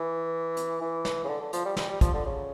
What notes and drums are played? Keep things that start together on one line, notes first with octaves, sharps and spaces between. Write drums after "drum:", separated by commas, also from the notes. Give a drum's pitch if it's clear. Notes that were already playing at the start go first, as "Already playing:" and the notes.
Already playing: E3
drum: hi-hat
E3
drum: snare
C#3
D3
D3
F3, drum: hi-hat
G3
G3, drum: snare
G3
F3, drum: kick, hi-hat
D3
C#3